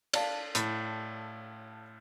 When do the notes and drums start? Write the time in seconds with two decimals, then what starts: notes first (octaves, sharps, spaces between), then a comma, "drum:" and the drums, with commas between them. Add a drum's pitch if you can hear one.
0.14 D5 F5 A5, drum: cymbal
0.55 A2, drum: hi-hat